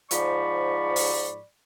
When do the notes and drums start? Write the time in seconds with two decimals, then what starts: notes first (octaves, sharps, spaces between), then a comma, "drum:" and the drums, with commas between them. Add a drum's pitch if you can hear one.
0.11 G#2 F3 D5 B5 C#6, drum: hi-hat
0.96 drum: open hi-hat